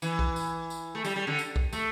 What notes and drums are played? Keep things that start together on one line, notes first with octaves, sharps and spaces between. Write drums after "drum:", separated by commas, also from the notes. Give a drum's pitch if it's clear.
E3, drum: tambourine
drum: kick B1
drum: tambourine
drum: tambourine
A3
G3, drum: tambourine
G3
D3
drum: tambourine
drum: kick B1
A3, drum: tambourine